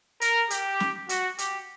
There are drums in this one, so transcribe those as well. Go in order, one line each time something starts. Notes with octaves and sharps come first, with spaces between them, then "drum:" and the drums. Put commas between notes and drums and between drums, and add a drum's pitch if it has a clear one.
A#4, drum: hi-hat
G4, drum: hi-hat
drum: snare
F#4, drum: hi-hat
G4, drum: hi-hat